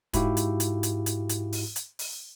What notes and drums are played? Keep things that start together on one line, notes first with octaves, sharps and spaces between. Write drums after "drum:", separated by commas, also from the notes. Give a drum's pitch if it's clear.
G#2 E4 F#4 G4 F5, drum: kick, hi-hat
drum: hi-hat
drum: hi-hat
drum: hi-hat
drum: hi-hat
drum: hi-hat
drum: open hi-hat
drum: hi-hat
drum: open hi-hat